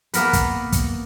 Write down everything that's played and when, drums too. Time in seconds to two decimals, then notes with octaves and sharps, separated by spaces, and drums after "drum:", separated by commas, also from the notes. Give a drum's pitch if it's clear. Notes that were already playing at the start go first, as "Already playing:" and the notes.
0.14 A#3 B3 A#4 B4, drum: hi-hat
0.33 drum: kick, hi-hat
0.72 drum: kick, hi-hat